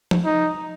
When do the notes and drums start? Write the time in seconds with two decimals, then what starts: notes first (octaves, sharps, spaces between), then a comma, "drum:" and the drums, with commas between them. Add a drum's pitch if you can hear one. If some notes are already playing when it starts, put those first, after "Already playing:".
0.11 drum: tom
0.25 D#4